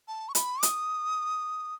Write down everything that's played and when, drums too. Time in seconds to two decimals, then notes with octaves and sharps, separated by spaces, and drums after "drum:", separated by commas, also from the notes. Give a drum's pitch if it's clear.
0.08 A5
0.29 C#6
0.35 B5, drum: hi-hat
0.63 D#6, drum: hi-hat